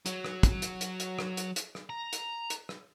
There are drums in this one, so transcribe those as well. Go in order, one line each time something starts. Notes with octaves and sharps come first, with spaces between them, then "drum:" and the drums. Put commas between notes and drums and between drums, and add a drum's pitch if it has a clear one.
F#3, drum: hi-hat
drum: rim click
drum: kick, hi-hat
drum: hi-hat
drum: hi-hat
drum: hi-hat
drum: rim click
drum: hi-hat
drum: hi-hat
drum: rim click
A#5
drum: hi-hat
drum: hi-hat
drum: rim click